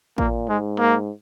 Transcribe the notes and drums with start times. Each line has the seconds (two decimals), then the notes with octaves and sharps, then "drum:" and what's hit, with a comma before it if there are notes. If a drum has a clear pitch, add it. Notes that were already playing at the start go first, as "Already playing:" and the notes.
0.18 A#2 A#3, drum: kick A1
0.49 G#2 G#3
0.79 A#3